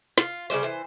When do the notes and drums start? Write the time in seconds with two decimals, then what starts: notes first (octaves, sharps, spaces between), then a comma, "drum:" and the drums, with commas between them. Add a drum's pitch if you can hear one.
0.18 F4, drum: snare
0.50 C#3 E3 G3 C5
0.63 E3 C5